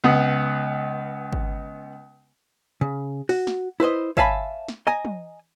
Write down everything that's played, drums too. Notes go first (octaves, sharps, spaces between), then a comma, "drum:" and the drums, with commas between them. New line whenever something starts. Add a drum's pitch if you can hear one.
C#2 B3
drum: kick G#1
C#3
F#4, drum: open hi-hat
drum: snare
E4 B4 C5 D#5
C#5 E5 F5 G#5 A5 B5, drum: kick G#1
drum: snare
D#5 G#5 A#5
drum: tom